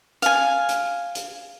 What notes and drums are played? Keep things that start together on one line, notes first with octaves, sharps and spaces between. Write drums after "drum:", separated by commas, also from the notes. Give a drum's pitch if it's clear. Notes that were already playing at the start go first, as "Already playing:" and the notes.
F5 G#5, drum: hi-hat
drum: hi-hat
drum: hi-hat